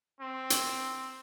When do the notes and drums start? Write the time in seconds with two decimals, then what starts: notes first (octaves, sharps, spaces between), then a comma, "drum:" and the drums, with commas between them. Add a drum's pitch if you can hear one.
0.21 C4
0.50 drum: hi-hat